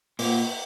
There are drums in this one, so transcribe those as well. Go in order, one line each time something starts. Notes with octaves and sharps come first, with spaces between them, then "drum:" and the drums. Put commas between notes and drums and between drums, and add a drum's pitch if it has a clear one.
A#2, drum: open hi-hat